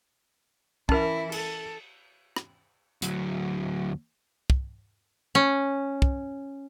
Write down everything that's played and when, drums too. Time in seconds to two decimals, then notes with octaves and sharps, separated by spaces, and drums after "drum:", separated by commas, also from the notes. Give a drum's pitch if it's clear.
0.89 E3 C#4 E4 A#4, drum: kick
1.32 A4, drum: cymbal
2.36 drum: rim click
3.02 D2 F#3, drum: hi-hat
4.50 drum: kick
5.35 C#4
6.02 drum: kick